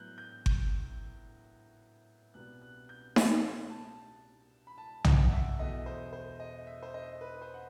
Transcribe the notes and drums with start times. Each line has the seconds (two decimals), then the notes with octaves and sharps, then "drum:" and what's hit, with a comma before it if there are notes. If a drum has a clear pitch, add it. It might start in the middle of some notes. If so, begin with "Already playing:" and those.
Already playing: A2 F#3 B3 F#6 G6
0.18 G6
0.46 G6, drum: kick G1
2.34 C2 B2 G3 B3 F#6
2.62 F#6
2.89 G6
3.16 A6, drum: snare D#4
3.70 A5
4.67 B5
4.78 A5
5.04 F#5, drum: tom B1
5.13 G5
5.21 F#5
5.32 E5
5.59 E2 B2 A3 D#5
5.86 C5
6.13 C5
6.40 D#5
6.67 E5
6.83 C5
6.94 D#5
7.21 B4
7.41 C5
7.54 F#5